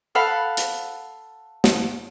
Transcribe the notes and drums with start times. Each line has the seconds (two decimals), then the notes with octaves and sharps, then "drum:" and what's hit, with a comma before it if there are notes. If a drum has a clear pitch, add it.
0.15 A4 F5 F#5 B5
0.57 drum: hi-hat
1.64 drum: snare